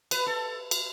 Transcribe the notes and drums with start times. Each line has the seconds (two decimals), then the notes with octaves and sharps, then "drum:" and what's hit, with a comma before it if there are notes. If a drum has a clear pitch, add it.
0.11 B4, drum: cymbal
0.27 A4
0.71 drum: cymbal